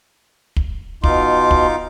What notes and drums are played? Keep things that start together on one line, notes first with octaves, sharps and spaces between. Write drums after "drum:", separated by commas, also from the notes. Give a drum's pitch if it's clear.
drum: kick
B2 D#4 F4 C6 D6, drum: kick
drum: kick